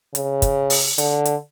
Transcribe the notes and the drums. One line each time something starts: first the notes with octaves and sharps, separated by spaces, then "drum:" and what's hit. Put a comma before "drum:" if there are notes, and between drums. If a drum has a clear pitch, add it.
C#3, drum: hi-hat
drum: kick, hi-hat
drum: open hi-hat
D3, drum: hi-hat
drum: hi-hat